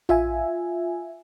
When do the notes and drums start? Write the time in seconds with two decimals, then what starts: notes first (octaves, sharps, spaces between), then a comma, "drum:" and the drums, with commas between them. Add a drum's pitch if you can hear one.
0.09 F4 E5 G#5, drum: tom A#1